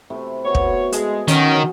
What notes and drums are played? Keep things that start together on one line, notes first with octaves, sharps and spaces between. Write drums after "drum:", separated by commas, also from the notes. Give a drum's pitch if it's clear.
C3 A3 E4
B2 C#5
drum: kick
G#3 G#4 A5, drum: hi-hat
D#3 F#3 C#4, drum: hi-hat